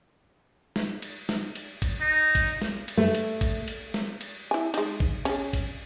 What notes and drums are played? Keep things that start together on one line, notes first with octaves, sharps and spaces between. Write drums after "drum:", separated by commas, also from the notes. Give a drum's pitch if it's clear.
drum: snare
drum: cymbal
drum: snare
drum: cymbal
drum: kick G#1, cymbal
D#4
drum: kick G#1, cymbal
drum: snare
drum: cymbal
A3
drum: cymbal
drum: kick G#1, cymbal
drum: cymbal
drum: snare
drum: cymbal
E4 G#5
G#3 D#4, drum: cymbal
drum: kick G#1
C#4 G#4, drum: cymbal
drum: kick G#1, cymbal